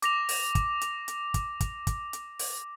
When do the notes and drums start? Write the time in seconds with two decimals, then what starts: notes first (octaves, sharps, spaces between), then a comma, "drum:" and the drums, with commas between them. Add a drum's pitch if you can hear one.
0.02 D6 A#6 F7, drum: hi-hat
0.29 drum: open hi-hat
0.55 drum: kick, hi-hat
0.81 drum: hi-hat
1.08 drum: hi-hat
1.34 drum: kick, hi-hat
1.60 drum: kick, hi-hat
1.87 drum: kick, hi-hat
2.13 drum: hi-hat
2.39 drum: open hi-hat